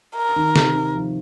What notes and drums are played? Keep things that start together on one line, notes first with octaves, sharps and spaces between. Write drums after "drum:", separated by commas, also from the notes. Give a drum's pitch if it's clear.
A#4
D#3
C3, drum: snare
D#3
F3